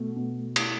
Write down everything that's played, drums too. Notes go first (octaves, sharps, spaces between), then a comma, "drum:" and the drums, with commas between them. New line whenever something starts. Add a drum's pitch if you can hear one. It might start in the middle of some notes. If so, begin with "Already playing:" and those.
Already playing: B2 A3
B2
E4, drum: cymbal